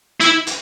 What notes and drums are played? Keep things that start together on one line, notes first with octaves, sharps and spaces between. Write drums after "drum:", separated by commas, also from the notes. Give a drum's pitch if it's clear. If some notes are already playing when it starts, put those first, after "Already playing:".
E4, drum: hi-hat
drum: hi-hat